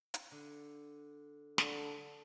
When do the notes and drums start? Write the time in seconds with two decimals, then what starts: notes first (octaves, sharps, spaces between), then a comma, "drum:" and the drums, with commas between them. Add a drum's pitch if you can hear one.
0.14 drum: hi-hat
0.31 D3
1.58 D3 A4 A#5, drum: snare